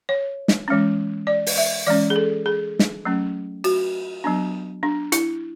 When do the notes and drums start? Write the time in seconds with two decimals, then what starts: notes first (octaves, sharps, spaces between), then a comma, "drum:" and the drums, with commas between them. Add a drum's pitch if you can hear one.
0.09 C#5
0.48 drum: snare
0.68 E3 G#3 C#4
1.27 D5
1.47 drum: open hi-hat
1.58 E5
1.87 E3 G#3 C#4 D5
2.10 G#4
2.16 A4
2.46 G#4
2.79 drum: snare
3.05 F#3 A3 C#4
3.64 F#4, drum: cymbal
4.24 F#3 B3 D4
4.83 D4
5.12 E4, drum: hi-hat